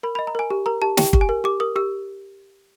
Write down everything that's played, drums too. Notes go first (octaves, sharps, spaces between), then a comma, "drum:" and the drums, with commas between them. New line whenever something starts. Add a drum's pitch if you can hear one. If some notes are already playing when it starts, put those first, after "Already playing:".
A#4 B5
B5
D#5
A#5
A#4 G#5
G4
A#4 A#5
G4 A5
G4 G5, drum: snare
G4, drum: kick
G#5
A#4
G4 D6
A#4 D#6
G4 E6